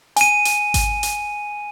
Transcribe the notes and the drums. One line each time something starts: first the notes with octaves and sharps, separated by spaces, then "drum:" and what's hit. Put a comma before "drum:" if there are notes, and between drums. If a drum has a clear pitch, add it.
G#5 D#7, drum: hi-hat
drum: hi-hat
drum: kick G#1, hi-hat
drum: hi-hat